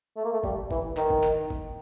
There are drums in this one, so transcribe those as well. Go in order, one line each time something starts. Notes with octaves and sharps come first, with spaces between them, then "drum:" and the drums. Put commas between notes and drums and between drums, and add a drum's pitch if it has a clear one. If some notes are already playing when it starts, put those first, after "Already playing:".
A3
A#3
A3
G3, drum: kick
E3, drum: kick
D#3, drum: clap
drum: kick
drum: clap
drum: kick